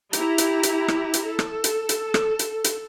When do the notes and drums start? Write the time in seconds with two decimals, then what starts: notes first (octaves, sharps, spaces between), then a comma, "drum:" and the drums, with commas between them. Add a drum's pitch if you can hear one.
0.13 E4 G4 A#5, drum: hi-hat
0.38 drum: hi-hat
0.63 drum: hi-hat
0.88 drum: rim click
1.14 drum: hi-hat
1.28 A4
1.39 drum: rim click
1.64 drum: hi-hat
1.89 drum: hi-hat
2.14 drum: rim click
2.39 drum: hi-hat
2.64 drum: hi-hat